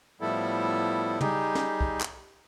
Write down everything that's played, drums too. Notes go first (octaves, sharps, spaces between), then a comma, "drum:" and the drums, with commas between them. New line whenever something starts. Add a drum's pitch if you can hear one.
A2 F3 G3 B3 E4 A4
G3 D#4 G4 G#4, drum: tom
drum: snare
drum: kick
drum: clap